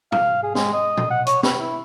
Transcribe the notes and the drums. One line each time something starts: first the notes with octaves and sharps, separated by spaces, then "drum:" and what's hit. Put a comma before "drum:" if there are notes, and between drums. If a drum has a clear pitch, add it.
F5, drum: tom
G#4
G#3, drum: snare
D#5
drum: tom A#2
F#5
C#5, drum: hi-hat
B4, drum: snare
E4